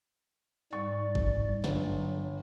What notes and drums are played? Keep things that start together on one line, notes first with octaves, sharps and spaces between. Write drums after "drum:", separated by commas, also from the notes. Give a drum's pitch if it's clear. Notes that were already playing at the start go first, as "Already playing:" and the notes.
G#2 G3 D5 C#6
drum: kick G1
G1 F#3, drum: snare